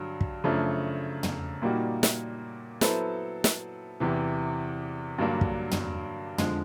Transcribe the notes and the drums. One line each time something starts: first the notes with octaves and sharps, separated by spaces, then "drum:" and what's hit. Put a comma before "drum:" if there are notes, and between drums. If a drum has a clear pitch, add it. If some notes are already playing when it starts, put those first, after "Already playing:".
Already playing: G2 D3 F#3
drum: kick
F#2 C#3 F3 A3 D4
drum: tom
A#2 G3 A#3 D#4 F#4
drum: snare
F#3 B3 E4 A4 C5, drum: snare
drum: snare
E2 C3 E3
G2 D3 F#3 A#3 D4
drum: kick
drum: tom
D3 F3 G#3, drum: tom